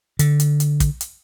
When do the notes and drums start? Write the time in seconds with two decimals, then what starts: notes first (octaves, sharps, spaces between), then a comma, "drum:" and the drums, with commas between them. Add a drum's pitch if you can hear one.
0.19 D3, drum: hi-hat
0.40 drum: hi-hat
0.60 drum: hi-hat
0.80 drum: kick, hi-hat
1.01 drum: hi-hat